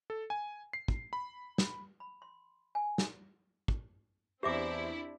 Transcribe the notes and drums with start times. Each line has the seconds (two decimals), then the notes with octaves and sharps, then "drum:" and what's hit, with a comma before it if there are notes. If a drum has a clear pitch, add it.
0.10 A4
0.30 G#5
0.73 C7
0.88 drum: kick
1.13 B5
1.58 drum: snare
2.00 B5
2.22 C6
2.75 G#5
2.98 drum: snare
3.68 drum: kick
4.43 E2 C4 D4 E4 G4 C5 E5 D6